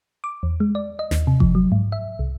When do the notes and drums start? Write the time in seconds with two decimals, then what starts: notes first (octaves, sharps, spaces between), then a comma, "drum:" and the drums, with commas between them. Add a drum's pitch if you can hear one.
0.24 D6
0.43 E2
0.60 G#3
0.75 D5
0.99 D#5
1.11 D#2, drum: snare
1.27 C3
1.40 F3, drum: kick F#1
1.55 F#3
1.72 G#2
1.92 E5
2.19 C2